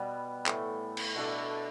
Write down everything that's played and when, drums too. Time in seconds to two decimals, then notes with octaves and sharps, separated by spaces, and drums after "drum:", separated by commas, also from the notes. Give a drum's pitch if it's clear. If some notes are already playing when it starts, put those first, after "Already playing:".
Already playing: B2 G3 B3
0.46 A2 E3 A3, drum: clap
0.97 drum: cymbal
1.15 B2 A3 D4 A4